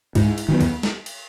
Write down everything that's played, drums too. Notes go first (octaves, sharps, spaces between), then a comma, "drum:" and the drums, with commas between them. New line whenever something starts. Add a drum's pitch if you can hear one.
G#2 E4, drum: kick C2, cymbal
drum: cymbal
D#3 F#3 B3
drum: kick C2, cymbal
drum: snare
drum: cymbal